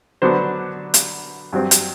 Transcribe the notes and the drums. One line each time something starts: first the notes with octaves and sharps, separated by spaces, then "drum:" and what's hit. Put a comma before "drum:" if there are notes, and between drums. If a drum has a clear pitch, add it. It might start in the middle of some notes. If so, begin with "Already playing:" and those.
D3 F#3 B3 D4 C5
drum: hi-hat
G2 F#3 C4
drum: hi-hat